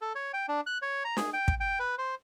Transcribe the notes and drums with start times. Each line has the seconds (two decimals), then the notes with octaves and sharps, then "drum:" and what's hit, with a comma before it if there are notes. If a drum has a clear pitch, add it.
0.01 A4
0.15 C#5
0.34 G5
0.49 D4
0.66 F#6
0.82 C#5
1.05 A#5
1.17 G#4, drum: snare
1.33 G5
1.48 drum: kick
1.60 G5
1.79 B4
1.98 C5